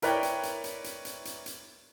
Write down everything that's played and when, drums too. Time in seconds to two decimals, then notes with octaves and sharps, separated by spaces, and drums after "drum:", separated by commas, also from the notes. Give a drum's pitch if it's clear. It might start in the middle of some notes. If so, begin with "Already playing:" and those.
0.02 E4 A#4 B4 C#5 D5 G5, drum: hi-hat
0.23 drum: hi-hat
0.43 drum: hi-hat
0.64 drum: hi-hat
0.84 drum: hi-hat
1.05 drum: hi-hat
1.25 drum: hi-hat
1.46 drum: hi-hat